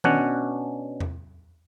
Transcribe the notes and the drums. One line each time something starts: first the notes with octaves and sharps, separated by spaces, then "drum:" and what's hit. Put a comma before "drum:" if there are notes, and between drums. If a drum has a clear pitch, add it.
B2 C#4 D4 F#5, drum: tom D#3
drum: tom E2